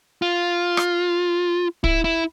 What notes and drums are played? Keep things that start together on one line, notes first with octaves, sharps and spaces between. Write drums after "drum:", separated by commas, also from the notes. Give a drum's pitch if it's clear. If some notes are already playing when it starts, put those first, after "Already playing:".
F4
drum: rim click
E4, drum: kick
E4